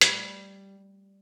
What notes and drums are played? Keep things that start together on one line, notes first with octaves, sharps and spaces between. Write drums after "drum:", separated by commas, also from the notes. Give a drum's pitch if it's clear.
G3, drum: hi-hat